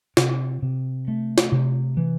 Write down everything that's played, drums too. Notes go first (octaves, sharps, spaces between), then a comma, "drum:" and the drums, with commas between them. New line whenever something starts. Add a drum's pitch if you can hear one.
C3, drum: snare
C3
A3
drum: snare
C3
E3